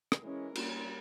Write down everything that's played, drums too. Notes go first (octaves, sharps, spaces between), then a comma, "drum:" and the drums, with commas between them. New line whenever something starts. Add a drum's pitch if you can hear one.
drum: rim click
E3 G#3 C#4 A#4
G3 A#3 C#4, drum: cymbal